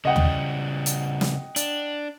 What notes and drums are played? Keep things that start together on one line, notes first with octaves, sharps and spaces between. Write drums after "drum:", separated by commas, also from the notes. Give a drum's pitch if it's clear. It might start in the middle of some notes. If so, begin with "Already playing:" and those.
C#3 G3 D#5 F#5 G5
drum: tom
drum: hi-hat
drum: snare
D4, drum: hi-hat